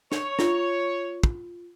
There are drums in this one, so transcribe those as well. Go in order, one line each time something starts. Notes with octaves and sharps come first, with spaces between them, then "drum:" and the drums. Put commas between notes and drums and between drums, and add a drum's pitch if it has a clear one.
C#5, drum: snare
F4, drum: snare
drum: kick